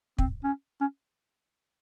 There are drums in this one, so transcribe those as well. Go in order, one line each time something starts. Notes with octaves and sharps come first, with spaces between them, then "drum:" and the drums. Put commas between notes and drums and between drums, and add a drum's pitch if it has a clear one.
C4, drum: kick
C#4
C#4